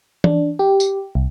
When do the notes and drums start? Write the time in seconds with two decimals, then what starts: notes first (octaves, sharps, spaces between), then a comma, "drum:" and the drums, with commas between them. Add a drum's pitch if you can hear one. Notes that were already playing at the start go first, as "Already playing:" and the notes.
0.24 D4, drum: tom E3
0.59 G4
0.80 drum: tambourine
1.15 C2